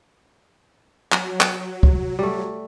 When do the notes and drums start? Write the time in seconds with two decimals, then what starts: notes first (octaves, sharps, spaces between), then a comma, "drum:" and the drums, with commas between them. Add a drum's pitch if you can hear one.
1.12 F#3, drum: clap
1.40 drum: clap
1.83 drum: kick
2.19 G3 A3